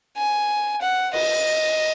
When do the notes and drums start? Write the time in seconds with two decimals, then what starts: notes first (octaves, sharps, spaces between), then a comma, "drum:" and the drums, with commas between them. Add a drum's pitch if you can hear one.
0.17 G#5
0.81 F#5
1.14 D#5, drum: cymbal
1.48 drum: hi-hat